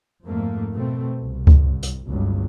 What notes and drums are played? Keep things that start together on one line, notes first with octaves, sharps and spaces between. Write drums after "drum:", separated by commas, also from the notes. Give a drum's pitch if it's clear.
F2 G#2 A3 A#3
B2 A3 C4
C2
drum: kick C#2
drum: hi-hat
G1 C#2 G2 F#3